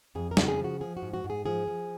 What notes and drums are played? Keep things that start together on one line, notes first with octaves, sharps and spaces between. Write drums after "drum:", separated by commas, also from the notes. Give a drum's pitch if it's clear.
F2 G#4
A#4
C#3, drum: snare
F#4
G#4
F3
F#4
F3 G#4
F#4
G#2
F#4
G#2
G#4
F3 G#4
F3